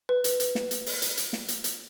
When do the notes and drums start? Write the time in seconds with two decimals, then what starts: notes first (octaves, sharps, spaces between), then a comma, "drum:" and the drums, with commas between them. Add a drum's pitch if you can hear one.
0.09 B4
0.24 drum: hi-hat
0.40 drum: hi-hat
0.55 drum: snare
0.71 drum: hi-hat
0.86 drum: open hi-hat
1.02 drum: hi-hat
1.17 drum: hi-hat
1.33 drum: snare
1.48 drum: hi-hat
1.64 drum: hi-hat